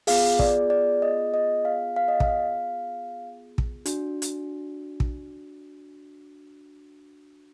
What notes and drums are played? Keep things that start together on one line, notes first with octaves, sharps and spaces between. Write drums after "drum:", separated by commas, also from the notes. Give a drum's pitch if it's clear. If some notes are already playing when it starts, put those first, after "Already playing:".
B3 F4 G#4 F5, drum: open hi-hat
D5, drum: kick
D5
D#5
D#5
F5
F5
D#5
F5, drum: kick
drum: kick
D4 F#4, drum: hi-hat
drum: hi-hat
drum: kick